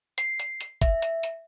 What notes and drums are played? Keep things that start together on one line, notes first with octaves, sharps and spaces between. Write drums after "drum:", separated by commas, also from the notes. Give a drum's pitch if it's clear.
C7, drum: hi-hat
drum: hi-hat
drum: hi-hat
E5, drum: kick, hi-hat
drum: hi-hat
drum: hi-hat